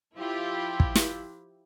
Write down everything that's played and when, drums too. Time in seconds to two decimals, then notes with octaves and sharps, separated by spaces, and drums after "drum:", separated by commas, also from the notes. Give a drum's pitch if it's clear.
0.15 F3 E4 F4 G4
0.80 drum: kick
0.96 drum: snare